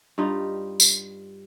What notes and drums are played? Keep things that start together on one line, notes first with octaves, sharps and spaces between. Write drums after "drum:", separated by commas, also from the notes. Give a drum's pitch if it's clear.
G2 G3 D#4 F4
drum: tambourine